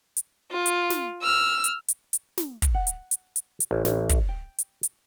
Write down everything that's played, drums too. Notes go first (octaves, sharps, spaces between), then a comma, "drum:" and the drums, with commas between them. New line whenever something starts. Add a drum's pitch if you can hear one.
drum: hi-hat
F4
drum: hi-hat
drum: snare
E6 F6
drum: hi-hat
drum: hi-hat
drum: hi-hat
drum: snare
drum: kick, hi-hat
F#5
drum: hi-hat
drum: hi-hat
drum: hi-hat
drum: hi-hat
A1
A1, drum: snare
drum: kick, hi-hat
G5
drum: hi-hat
drum: hi-hat